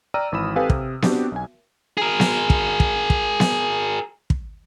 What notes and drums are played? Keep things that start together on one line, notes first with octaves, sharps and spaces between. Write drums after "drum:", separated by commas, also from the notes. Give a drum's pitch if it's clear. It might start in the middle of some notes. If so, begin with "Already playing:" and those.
D5 G5 A#5 E6 F6 D#7
G#1 E3 B5 D#6 E7
C4 G4 A4 B4 F5 G#5
C3, drum: kick
B3 C4 D4 F#4 G4, drum: snare B3
B1 G#5
G#4 A#4
drum: snare B3
drum: kick
drum: kick
drum: kick
drum: snare B3
drum: kick